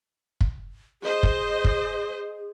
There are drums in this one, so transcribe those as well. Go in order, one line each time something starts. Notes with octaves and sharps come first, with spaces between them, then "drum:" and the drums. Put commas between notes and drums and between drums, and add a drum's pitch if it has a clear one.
drum: kick
G#4 C5 D#5
drum: kick
drum: kick